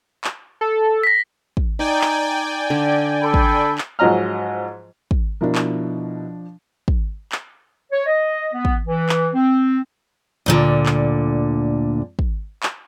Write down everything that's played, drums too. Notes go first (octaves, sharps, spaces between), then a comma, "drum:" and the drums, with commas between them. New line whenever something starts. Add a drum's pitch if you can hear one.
drum: clap
A4
A#6 B6
drum: kick
D#4 D5 G5 G#5
drum: clap
D3
A4 B5
drum: kick
drum: clap
G#2 F3 F#3 D#5 A#5 F6
drum: kick
B2 F3 D4 E4 A#4
drum: clap
drum: kick
drum: clap
C#5
D#5
B3
drum: kick
E3
drum: clap
C4
D2 A#2 D3
drum: clap
drum: kick
drum: clap